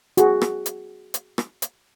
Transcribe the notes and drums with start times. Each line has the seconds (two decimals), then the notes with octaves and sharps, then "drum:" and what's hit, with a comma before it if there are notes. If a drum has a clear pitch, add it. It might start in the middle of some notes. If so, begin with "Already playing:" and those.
0.17 F#4 G#4, drum: hi-hat
0.42 drum: rim click
0.66 drum: hi-hat
1.14 drum: hi-hat
1.38 drum: rim click
1.62 drum: hi-hat